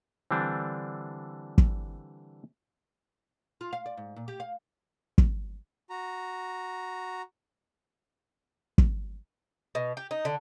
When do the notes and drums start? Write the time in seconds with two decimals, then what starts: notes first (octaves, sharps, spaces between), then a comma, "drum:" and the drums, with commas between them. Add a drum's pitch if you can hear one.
0.31 D3 E3 G3 C4 D4
1.58 drum: kick
3.61 F4
3.73 F5
3.86 D5
3.97 G#2
4.16 A#2
4.28 G4
4.40 F5
5.18 drum: kick
5.90 F#4 A#5
8.78 drum: kick
9.75 B2
9.97 G4
10.11 D#4
10.25 D3